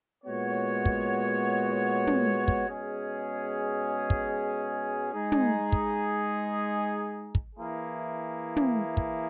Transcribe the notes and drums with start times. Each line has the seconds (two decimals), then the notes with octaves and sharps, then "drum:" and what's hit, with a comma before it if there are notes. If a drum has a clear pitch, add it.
0.24 A#2 G#3 B3 F#4 C#5
0.85 drum: kick
2.07 drum: tom
2.48 drum: kick
2.68 B2 G#3 C#4 G#4
4.10 drum: kick
5.12 G#3 D#4 G#4
5.32 drum: tom
5.72 drum: kick
7.35 drum: kick
7.55 E3 A#3 E4 G#4
8.56 drum: tom
8.97 drum: kick